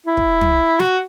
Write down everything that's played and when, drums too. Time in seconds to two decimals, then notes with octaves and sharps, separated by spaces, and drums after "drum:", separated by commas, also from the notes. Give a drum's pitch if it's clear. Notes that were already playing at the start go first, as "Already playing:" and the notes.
0.06 E4
0.17 drum: kick
0.41 drum: tom
0.79 F#4, drum: snare